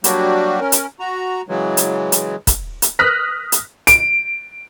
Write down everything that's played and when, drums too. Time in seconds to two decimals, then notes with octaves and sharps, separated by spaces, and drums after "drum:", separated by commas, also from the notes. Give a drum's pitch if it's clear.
0.04 F#3 G3 A#3 D4 F#4 G4, drum: hi-hat
0.60 C#4 A#4
0.72 drum: hi-hat
0.99 F#4 A#5
1.49 C#3 E3 F#3 G#3
1.77 drum: hi-hat
2.12 drum: hi-hat
2.47 drum: kick, hi-hat
2.82 drum: hi-hat
2.99 D#6 F6 F#6 A#6 B6
3.52 drum: hi-hat
3.87 D7, drum: hi-hat